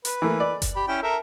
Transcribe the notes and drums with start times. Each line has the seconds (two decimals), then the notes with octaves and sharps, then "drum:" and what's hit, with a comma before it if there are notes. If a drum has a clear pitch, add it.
0.05 B4, drum: hi-hat
0.22 E3 A3 A#3
0.40 D5
0.62 drum: kick F#1, hi-hat
0.76 G4 B5
0.88 C#4 E4 G5
1.03 A4 A#4 E5